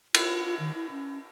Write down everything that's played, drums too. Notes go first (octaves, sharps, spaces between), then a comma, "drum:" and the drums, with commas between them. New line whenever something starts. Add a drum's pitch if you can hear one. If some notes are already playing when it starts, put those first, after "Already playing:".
F4, drum: cymbal
F4
D#3
E4
C#4